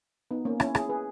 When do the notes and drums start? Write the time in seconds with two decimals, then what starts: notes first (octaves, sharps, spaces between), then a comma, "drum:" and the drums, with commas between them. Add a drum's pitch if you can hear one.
0.31 B3 D#4
0.45 A#3 C#4
0.60 C#4 E4, drum: rim click
0.75 E4 G#4, drum: rim click
0.89 G#4 B4